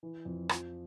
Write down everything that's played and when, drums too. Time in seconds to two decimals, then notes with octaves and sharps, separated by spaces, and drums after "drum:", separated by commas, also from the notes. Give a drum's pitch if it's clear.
0.03 E3
0.25 F2
0.49 F3, drum: rim click